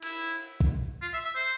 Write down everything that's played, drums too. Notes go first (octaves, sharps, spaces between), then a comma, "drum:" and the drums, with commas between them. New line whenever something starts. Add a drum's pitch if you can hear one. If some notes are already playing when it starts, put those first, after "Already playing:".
E4, drum: cymbal
drum: kick
F4
E5
E5
C5